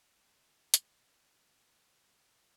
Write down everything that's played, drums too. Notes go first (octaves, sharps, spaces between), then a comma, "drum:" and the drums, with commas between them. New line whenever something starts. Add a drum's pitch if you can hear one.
C#3 E3
drum: hi-hat
F2 A#2 B4